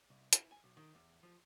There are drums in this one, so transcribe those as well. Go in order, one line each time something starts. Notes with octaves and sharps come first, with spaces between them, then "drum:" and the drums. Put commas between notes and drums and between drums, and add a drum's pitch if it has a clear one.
C2
E4, drum: hi-hat
G#5
B1
D#3
E2
F3